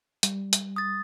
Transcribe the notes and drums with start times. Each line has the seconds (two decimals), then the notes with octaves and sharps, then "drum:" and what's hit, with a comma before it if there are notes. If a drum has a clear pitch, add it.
0.23 G3, drum: hi-hat
0.53 drum: hi-hat
0.76 D#6 A6